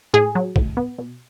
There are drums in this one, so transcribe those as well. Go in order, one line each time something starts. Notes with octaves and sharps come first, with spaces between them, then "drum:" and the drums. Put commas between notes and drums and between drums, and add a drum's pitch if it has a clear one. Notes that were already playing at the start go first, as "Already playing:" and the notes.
A2 G#4
F#3
A2, drum: kick
B3
B2